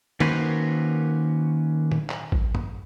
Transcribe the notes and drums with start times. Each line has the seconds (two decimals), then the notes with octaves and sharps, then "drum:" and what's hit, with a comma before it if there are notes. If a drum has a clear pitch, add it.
0.20 D#3 A#3 C#4 F#4 B4 C5, drum: cymbal
1.92 drum: tom
2.10 drum: clap
2.32 drum: kick A1
2.55 drum: tom